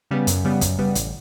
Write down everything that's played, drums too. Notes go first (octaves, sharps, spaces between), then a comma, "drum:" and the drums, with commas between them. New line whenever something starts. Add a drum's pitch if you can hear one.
C#3 G3 B3
F#2, drum: hi-hat
C#3 G3 B3
F#2, drum: kick, hi-hat
C#3 G3 B3
A1, drum: hi-hat